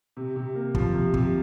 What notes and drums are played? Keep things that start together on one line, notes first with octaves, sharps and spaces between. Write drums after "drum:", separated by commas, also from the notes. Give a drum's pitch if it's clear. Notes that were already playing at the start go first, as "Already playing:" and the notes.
C3
C3
A#3
F3, drum: kick
C3
C3, drum: kick